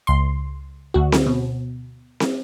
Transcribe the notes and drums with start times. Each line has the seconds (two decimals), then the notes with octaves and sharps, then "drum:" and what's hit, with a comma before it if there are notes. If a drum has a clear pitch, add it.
0.07 C#2 C6
0.94 D2 F#4
1.12 drum: snare C4
1.26 B2
2.20 drum: snare C4